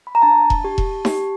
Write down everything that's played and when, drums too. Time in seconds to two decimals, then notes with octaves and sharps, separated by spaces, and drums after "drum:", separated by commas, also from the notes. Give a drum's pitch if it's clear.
0.07 B5
0.15 A#5
0.22 D4 A5
0.50 drum: kick E1
0.64 G4
0.78 drum: kick E1
1.05 G4, drum: snare D#4